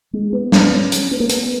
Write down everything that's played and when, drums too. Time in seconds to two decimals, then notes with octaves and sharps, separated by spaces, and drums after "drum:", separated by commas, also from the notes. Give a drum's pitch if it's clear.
0.13 G#3
0.33 B3
0.52 drum: snare
0.72 C#4
0.92 drum: hi-hat
1.11 B3
1.20 A#3
1.29 B3, drum: hi-hat